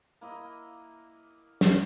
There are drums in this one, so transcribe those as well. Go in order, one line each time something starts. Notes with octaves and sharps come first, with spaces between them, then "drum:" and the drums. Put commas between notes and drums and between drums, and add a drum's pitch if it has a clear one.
A#3 E4 D#5
drum: snare